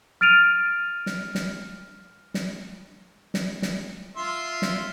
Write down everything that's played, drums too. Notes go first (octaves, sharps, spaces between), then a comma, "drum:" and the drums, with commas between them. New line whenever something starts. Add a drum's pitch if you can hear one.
F6 A6 D7 D#7 F7
drum: snare
drum: snare
drum: snare
drum: snare
drum: snare
F4 E5 C6
drum: snare